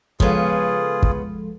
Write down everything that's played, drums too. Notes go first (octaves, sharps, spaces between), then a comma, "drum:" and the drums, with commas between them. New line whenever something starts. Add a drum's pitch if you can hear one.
C#3 F3 G#3 B3 F4 G#4 A4, drum: kick
drum: kick